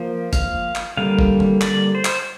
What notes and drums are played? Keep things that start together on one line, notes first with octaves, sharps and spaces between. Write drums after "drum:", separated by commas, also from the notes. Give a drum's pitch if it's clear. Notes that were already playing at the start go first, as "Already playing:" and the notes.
Already playing: F3 A#3
F5, drum: kick, hi-hat
drum: clap
D3 G3 A#3 F5
drum: kick
drum: tom D3
D5, drum: clap
C5
drum: clap